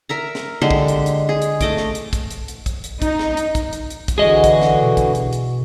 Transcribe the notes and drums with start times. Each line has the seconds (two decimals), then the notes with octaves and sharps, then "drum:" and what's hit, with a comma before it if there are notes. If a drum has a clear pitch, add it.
0.09 A#4 E5 A#5
0.35 drum: snare
0.61 D3 G#3 G4 C5
0.71 drum: kick
0.88 drum: hi-hat
1.06 drum: hi-hat
1.29 G#4
1.42 drum: hi-hat
1.61 A3 D#5 D6, drum: kick, hi-hat
1.77 drum: snare
1.95 drum: hi-hat
2.13 drum: kick, hi-hat
2.31 drum: hi-hat
2.48 drum: hi-hat
2.66 drum: kick, hi-hat
2.84 drum: hi-hat
3.02 D#4, drum: kick, hi-hat
3.19 drum: snare
3.37 drum: hi-hat
3.55 drum: kick, hi-hat
3.73 drum: hi-hat
3.90 drum: hi-hat
4.08 drum: kick, hi-hat
4.18 D3 E3 F#4 G#4 D#5
4.44 drum: kick, hi-hat
4.62 drum: snare
4.83 B2
4.97 drum: kick, hi-hat
5.15 drum: hi-hat
5.33 drum: hi-hat